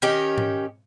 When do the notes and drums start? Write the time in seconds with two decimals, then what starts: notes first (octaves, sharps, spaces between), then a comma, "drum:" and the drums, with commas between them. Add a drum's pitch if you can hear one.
0.02 D#3 C#4 G4
0.38 drum: tom G#2